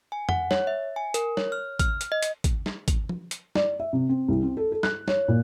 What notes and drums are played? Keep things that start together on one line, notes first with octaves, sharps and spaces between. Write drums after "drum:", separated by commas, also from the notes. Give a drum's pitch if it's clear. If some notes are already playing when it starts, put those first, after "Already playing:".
G#5
F#5, drum: tom
C#5, drum: snare
E5
G#5
A#4, drum: hi-hat
C#5, drum: snare
F6
F6, drum: kick, hi-hat
drum: hi-hat
D#5
drum: hi-hat
drum: kick, hi-hat
drum: snare
drum: kick, hi-hat
drum: tom F3
drum: hi-hat
D5, drum: snare
E5
C3
C4
C2
C4
A4
A4
F#6, drum: snare
C#5, drum: snare
A#2